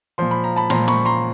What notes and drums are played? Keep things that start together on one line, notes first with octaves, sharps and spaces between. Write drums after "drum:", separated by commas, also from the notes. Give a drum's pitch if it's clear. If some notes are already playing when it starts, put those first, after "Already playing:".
A#2 F3 C6
B5
A#5
A5 B5
A#2 F3 A#5 C6, drum: snare
B5 C#6, drum: snare
A#5 C6